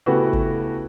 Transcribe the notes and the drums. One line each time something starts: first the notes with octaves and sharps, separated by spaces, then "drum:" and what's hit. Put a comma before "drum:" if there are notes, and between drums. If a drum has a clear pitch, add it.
C#3 A3 B3 E4 F#4 G4
drum: kick